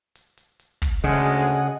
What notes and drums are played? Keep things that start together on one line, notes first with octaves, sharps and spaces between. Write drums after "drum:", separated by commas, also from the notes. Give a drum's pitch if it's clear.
drum: hi-hat
drum: hi-hat
drum: hi-hat
drum: kick, hi-hat
D2 C#3 G#3 G#4 D#5 F#5, drum: hi-hat
drum: hi-hat
drum: hi-hat